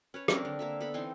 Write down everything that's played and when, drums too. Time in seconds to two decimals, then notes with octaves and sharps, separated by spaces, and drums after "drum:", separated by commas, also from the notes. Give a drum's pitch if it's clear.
0.14 C#4 B4 C#5
0.28 C4 D4 A#4 C#5, drum: rim click
0.45 D3
0.59 A#3 A#4 E5
0.80 B3 A4 B5
0.94 E3 C4 D#4 C6